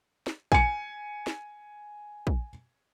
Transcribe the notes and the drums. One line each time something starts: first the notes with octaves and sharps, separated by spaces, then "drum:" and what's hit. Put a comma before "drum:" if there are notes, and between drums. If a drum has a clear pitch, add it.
drum: snare
G#5 C#7, drum: kick
drum: snare
drum: kick